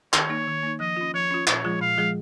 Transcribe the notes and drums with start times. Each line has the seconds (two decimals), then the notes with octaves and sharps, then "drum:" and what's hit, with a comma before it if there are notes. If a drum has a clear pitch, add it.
0.13 D#3 C#5, drum: clap
0.30 A#3 D#4
0.47 D#3
0.63 A#3 D#4
0.80 F3 D#5
0.97 C#4 F4
1.14 F3 C#5
1.31 C#4 F4
1.47 A#2 C#5, drum: clap
1.64 F3 G#3 F4 G#4
1.81 A#2 F5
1.97 F3 G#3 F4 G#4